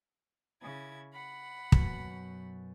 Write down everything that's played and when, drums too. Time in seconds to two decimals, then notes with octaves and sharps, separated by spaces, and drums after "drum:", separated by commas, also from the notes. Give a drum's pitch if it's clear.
0.61 C#3 E4 G#6
1.14 F#5 B5
1.72 F#2 B2, drum: kick